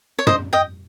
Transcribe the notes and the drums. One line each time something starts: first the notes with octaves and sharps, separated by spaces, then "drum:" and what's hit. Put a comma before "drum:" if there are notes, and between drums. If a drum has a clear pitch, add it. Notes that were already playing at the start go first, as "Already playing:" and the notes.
C#5
C5 D#5, drum: tom
D#5 G5